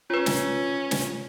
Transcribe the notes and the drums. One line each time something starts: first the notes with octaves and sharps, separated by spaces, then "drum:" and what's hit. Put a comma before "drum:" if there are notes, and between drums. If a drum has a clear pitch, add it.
C#4 F4 B4
drum: snare
drum: snare